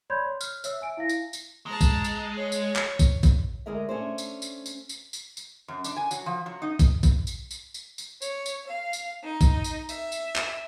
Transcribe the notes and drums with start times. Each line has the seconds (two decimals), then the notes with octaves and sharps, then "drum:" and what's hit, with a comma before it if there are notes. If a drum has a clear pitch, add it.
0.10 C#5 D5 B5 C6 G6 G#6
0.26 C#5
0.41 F6, drum: tambourine
0.64 C#5 E5 E6, drum: tambourine
0.81 E5 G#5 D7
0.97 E4 F5 A#6
1.09 drum: tambourine
1.33 drum: tambourine
1.66 G#3 A5 A#5
1.81 drum: kick A#1, tambourine
2.04 drum: tambourine
2.36 C#5
2.52 drum: tambourine
2.76 drum: clap
2.99 drum: kick A#1, tambourine
3.23 drum: kick A#1, tambourine
3.66 D2 G#3 G#4 A#4 D#5 E5
3.89 A3 C#4 D4 C5
4.18 drum: tambourine
4.42 drum: tambourine
4.66 drum: tambourine
4.89 drum: tambourine
5.13 drum: tambourine
5.37 drum: tambourine
5.68 F#2
5.84 D4, drum: tambourine
5.97 G#5
6.11 F#3, drum: tambourine
6.26 F3
6.46 F#3
6.62 D#4
6.79 drum: kick A#1, tambourine
7.03 drum: kick A#1, tambourine
7.27 drum: tambourine
7.51 drum: tambourine
7.74 drum: tambourine
7.98 drum: tambourine
8.22 C#5, drum: tambourine
8.46 drum: tambourine
8.66 F5
8.93 drum: tambourine
9.23 D#4
9.41 drum: kick A#1, tambourine
9.64 drum: tambourine
9.89 E5, drum: tambourine
10.12 drum: tambourine
10.36 drum: clap